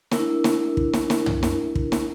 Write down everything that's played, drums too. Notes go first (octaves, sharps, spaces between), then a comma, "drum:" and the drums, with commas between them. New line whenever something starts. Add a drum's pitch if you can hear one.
D4 E4 A#4, drum: snare
drum: snare
drum: kick
drum: snare
drum: snare
drum: tom
drum: snare
drum: kick
drum: snare